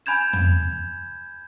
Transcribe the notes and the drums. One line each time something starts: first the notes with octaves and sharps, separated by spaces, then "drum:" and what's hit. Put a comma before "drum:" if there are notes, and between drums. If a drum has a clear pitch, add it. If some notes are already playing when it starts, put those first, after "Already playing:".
G#5 B5 G6 G#6 E7
drum: tom